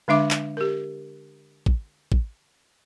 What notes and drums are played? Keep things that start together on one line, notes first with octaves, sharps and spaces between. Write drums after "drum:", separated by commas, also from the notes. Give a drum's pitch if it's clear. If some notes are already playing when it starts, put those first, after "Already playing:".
D3 G#3 D4 E5 D6
drum: clap
G4 A#4
drum: kick
drum: kick